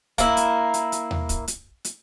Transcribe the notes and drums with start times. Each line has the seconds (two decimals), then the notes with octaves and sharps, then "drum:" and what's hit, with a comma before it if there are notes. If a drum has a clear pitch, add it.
0.18 A#3 E4, drum: kick, hi-hat
0.37 drum: hi-hat
0.74 drum: hi-hat
0.92 drum: hi-hat
1.11 drum: tom D#2
1.29 drum: kick, hi-hat
1.48 drum: hi-hat
1.85 drum: hi-hat